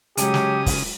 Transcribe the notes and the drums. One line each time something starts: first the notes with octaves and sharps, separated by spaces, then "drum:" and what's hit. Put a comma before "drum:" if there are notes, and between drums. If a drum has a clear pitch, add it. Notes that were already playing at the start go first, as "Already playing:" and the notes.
C#3 F#3 G#3 G4 D#6, drum: hi-hat
drum: snare
drum: kick, open hi-hat